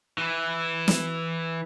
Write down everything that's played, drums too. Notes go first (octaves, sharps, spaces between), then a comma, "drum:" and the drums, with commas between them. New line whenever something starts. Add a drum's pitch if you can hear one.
E3 E4
drum: snare